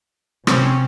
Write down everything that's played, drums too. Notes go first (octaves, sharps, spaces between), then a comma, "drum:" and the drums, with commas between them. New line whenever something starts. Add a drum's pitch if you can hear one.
C3 C4 C#4, drum: rim click